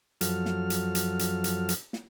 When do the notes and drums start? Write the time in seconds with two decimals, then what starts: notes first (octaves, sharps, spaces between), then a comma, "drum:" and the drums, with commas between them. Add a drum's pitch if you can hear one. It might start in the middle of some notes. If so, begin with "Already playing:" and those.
0.21 F#2 F3 F#3 A4 F6, drum: hi-hat
0.45 drum: snare
0.70 drum: hi-hat
0.95 drum: hi-hat
1.19 drum: hi-hat
1.44 drum: hi-hat
1.69 drum: hi-hat
1.93 drum: snare